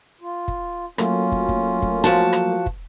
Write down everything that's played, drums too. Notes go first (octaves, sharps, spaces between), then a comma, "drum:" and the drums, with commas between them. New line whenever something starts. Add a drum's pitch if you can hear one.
F4
drum: kick
F#3 A3 A#3 C#4 F4, drum: rim click
drum: kick
drum: kick
drum: kick
F3 F#4 A5
drum: rim click
drum: kick